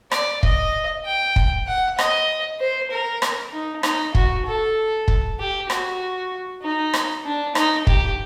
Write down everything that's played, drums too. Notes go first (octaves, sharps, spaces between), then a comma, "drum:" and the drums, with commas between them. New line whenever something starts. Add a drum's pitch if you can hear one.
D5, drum: rim click
D#5, drum: kick
G5
drum: kick
F#5
D#5, drum: rim click
C5
A#4
drum: rim click
D#4
D#4, drum: rim click
F#4, drum: kick
A4
drum: kick
G4
F#4, drum: rim click
D#4
drum: rim click
D4
D#4, drum: rim click
G4, drum: kick